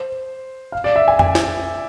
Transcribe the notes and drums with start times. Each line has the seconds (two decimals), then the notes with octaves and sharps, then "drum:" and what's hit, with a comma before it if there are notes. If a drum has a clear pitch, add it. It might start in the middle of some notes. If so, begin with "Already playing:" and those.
Already playing: C5
0.72 F5
0.84 D5
0.96 E5
1.08 G#5
1.19 G#5, drum: tom F2
1.35 drum: snare